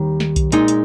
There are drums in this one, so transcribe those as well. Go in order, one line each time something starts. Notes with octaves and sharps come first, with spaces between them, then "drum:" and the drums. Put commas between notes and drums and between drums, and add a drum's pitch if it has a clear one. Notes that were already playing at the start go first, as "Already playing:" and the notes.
Already playing: D#2 D#3 G3
drum: snare
drum: kick B1, hi-hat
A#2 G#3 D#4, drum: hi-hat
drum: hi-hat